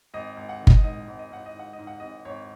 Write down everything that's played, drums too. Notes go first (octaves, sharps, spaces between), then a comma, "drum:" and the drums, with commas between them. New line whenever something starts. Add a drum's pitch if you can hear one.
G#1 D#5
G#1
F#5
D#3
D#5, drum: kick G1
G#2 D#5
G#1
D#5
G#1 F#5
D#5
D#3
F#5
D#5
G#2
F#5
G#1 D#5
G#1 C#5